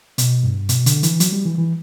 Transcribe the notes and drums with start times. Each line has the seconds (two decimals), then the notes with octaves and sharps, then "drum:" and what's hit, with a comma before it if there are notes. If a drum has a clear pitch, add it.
0.18 B2, drum: hi-hat
0.43 G2
0.69 B2, drum: hi-hat
0.86 D3, drum: hi-hat
1.03 E3, drum: hi-hat
1.20 F#3, drum: hi-hat
1.32 G3
1.46 E3
1.58 E3